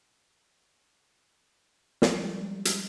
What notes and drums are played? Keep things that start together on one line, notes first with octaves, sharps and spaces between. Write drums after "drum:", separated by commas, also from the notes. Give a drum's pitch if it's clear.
F3 G3 G#3, drum: snare
drum: hi-hat